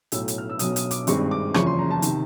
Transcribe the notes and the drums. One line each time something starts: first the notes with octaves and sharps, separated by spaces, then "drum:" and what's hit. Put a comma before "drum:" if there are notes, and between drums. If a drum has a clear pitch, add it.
B1 A2 F#3 E6, drum: hi-hat
drum: hi-hat
F6
E6
B1 B2 F#3 D#6, drum: hi-hat
D#6, drum: hi-hat
D6, drum: hi-hat
G#1 G2 D#3 G#3 C4 C#6, drum: hi-hat
D6
F#1 E2 C#3 F3 C#6, drum: rim click
C6
A#5
A5
C3 D#3, drum: hi-hat